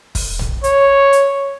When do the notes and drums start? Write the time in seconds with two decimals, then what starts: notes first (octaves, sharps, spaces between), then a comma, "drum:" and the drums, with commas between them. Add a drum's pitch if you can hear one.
0.15 drum: kick, open hi-hat
0.39 drum: tom
0.64 C#5, drum: hi-hat
1.13 drum: hi-hat